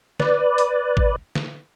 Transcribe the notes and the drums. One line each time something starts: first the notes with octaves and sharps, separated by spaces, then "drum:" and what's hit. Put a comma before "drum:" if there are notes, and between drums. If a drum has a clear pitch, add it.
B4 D5, drum: snare
drum: hi-hat
drum: kick G#1
drum: snare